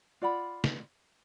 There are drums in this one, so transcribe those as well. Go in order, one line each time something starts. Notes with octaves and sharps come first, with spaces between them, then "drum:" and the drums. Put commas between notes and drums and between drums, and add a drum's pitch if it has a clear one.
F4 D5 F#5 B5
drum: snare